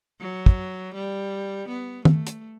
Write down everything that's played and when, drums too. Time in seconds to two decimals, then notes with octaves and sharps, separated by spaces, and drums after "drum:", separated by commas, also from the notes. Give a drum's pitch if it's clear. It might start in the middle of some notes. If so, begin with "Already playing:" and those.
0.20 F#3
0.46 drum: kick
0.94 G3
1.68 B3
2.05 A3, drum: tom
2.27 drum: hi-hat